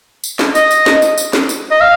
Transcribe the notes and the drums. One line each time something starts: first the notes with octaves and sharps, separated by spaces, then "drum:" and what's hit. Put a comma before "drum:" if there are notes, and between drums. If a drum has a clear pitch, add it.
drum: tambourine
drum: snare
D#5, drum: tambourine
drum: tambourine
drum: snare
drum: tambourine
drum: tambourine
drum: snare
drum: tambourine
D#5
F5